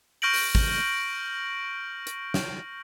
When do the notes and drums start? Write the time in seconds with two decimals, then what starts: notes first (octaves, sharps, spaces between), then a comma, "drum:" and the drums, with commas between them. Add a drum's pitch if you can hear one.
0.22 C#6 F6 G6 A#6 D7 F#7
0.34 drum: open hi-hat
0.55 drum: kick
2.07 drum: hi-hat
2.34 drum: snare